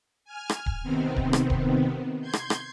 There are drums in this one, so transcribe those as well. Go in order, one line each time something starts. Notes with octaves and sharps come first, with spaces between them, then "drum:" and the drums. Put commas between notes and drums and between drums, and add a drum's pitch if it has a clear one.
G#5 F6
drum: rim click
drum: kick D1
C3 D#3 B3 C4
drum: kick D1
drum: rim click
drum: kick D1
C6 G6 G#6
drum: rim click
drum: rim click